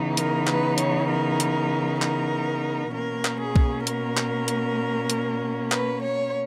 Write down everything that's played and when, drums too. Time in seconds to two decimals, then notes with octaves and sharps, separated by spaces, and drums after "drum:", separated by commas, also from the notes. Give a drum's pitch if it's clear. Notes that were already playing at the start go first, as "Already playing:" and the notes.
Already playing: C#3 E3 B3 D#4
0.17 A#4, drum: hi-hat
0.47 B4, drum: clap
0.78 C#5, drum: hi-hat
1.09 A#4
1.40 drum: hi-hat
2.02 A#4, drum: clap
2.94 B2 A#3 C#4 A#4
3.25 drum: clap
3.40 G#4
3.56 drum: kick B1
3.87 A#4, drum: hi-hat
4.17 drum: clap
4.48 drum: hi-hat
5.10 drum: hi-hat
5.72 B4, drum: clap
6.02 C#5